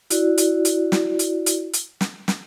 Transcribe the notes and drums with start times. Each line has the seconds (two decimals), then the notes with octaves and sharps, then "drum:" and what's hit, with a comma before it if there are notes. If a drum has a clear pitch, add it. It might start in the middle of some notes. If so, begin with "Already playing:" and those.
0.10 E4 F#4 D5, drum: hi-hat
0.38 drum: hi-hat
0.65 drum: hi-hat
0.92 drum: snare
1.19 drum: hi-hat
1.46 drum: hi-hat
1.73 drum: hi-hat
2.01 drum: snare
2.28 drum: snare